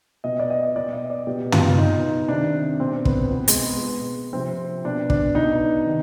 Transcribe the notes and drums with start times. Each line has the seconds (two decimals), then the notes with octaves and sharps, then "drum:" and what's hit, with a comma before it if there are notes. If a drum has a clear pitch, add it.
0.24 B2 D#5
0.39 D5
0.50 D#5
0.76 B2 D5
0.93 D#5
1.10 D5
1.27 B2 G4
1.52 F4, drum: tom
1.77 B2 D#4
2.28 C3 D#3 D4
2.80 B2 C4
3.05 B3, drum: kick
3.31 B2 B3
3.48 G#3, drum: hi-hat
3.64 B3
3.83 B2
4.33 C3 F3 C4
4.84 B2 D4
5.10 D4, drum: kick
5.35 B2 D#4
5.86 C3 D#3